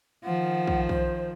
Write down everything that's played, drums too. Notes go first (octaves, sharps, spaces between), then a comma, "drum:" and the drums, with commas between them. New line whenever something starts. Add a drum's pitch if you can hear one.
D#3 F3 F#5
drum: kick
C5, drum: kick